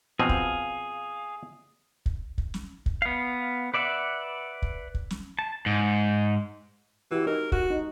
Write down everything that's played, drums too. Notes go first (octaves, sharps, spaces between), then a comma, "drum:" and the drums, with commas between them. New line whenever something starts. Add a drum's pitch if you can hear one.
B2 F3 C4 G#4 F5
drum: kick
drum: kick
drum: kick
drum: snare
drum: kick
B3 F5
B4 D5 E5 F#5
drum: kick
drum: kick
drum: snare
A5
G#2
E3 F#4 G4
D#4 A#4
F#4, drum: kick
D#4